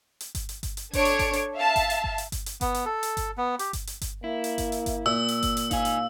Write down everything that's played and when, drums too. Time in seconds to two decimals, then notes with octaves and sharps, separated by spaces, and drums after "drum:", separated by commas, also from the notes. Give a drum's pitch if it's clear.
0.21 drum: hi-hat
0.35 drum: kick G1, hi-hat
0.49 drum: hi-hat
0.63 drum: kick G1, hi-hat
0.77 drum: hi-hat
0.93 D4 A4 C#5 G#6 D7, drum: kick G1, hi-hat
1.05 drum: hi-hat
1.19 drum: kick G1, hi-hat
1.33 drum: hi-hat
1.55 E5 F5 A5
1.76 drum: kick G1, hi-hat
1.90 drum: hi-hat
2.04 drum: kick G1
2.18 drum: hi-hat
2.32 drum: kick G1, hi-hat
2.46 drum: hi-hat
2.61 B3, drum: kick G1, hi-hat
2.74 drum: hi-hat
2.85 A4
3.03 drum: hi-hat
3.17 drum: kick G1, hi-hat
3.38 B3
3.59 G4, drum: hi-hat
3.73 drum: kick G1, hi-hat
3.87 drum: hi-hat
4.01 drum: kick G1, hi-hat
4.24 A#3 E4
4.44 drum: hi-hat
4.58 drum: kick G1, hi-hat
4.72 drum: hi-hat
4.86 drum: kick G1, hi-hat
5.06 A#2 E6
5.28 drum: hi-hat
5.43 drum: kick G1, hi-hat
5.57 drum: hi-hat
5.71 D#4 F5 G#5, drum: kick G1, hi-hat
5.85 drum: hi-hat